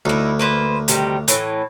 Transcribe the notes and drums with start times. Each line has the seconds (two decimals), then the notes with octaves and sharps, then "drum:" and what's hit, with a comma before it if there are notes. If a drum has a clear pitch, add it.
0.05 D2 D#4 E4
0.39 A#3 B4 C5
0.88 C3 D#3 G3, drum: hi-hat
1.28 A2 E3, drum: hi-hat